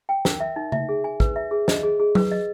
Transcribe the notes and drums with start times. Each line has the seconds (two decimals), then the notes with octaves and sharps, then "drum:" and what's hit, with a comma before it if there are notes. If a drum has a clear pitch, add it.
0.09 G5
0.25 A#4, drum: snare
0.40 E5
0.56 D#4
0.72 E5, drum: tom C#3
0.89 G#4
1.04 G#5
1.20 B4, drum: kick
1.36 E5
1.51 G#4
1.68 D#5, drum: snare
1.83 G#4
2.00 G#4
2.15 B4, drum: tom F#3
2.32 D#5